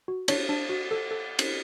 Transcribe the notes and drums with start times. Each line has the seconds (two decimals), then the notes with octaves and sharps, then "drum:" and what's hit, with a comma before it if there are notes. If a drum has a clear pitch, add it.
0.08 F#4
0.28 D4 C#5, drum: cymbal
0.49 D4
0.69 F#4
0.91 A4
1.11 A4
1.39 drum: cymbal